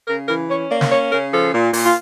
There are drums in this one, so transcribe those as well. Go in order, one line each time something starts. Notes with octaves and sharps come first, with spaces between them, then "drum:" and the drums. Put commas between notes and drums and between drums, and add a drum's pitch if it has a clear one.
C#3 A#4
E3 A#4
C#4 C#5
A#3 D5
drum: snare
C#4 C#5
C#3 A#4
F3 A4
A#2
A#2, drum: open hi-hat
F4